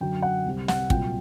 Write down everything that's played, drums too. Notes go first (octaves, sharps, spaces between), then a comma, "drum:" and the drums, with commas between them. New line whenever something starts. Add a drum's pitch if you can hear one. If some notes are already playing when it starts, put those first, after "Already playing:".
F#2 D3 F#3 G5
F#5
C2 C3 G3
F#5, drum: snare
C2 A#2 F#3 G5, drum: kick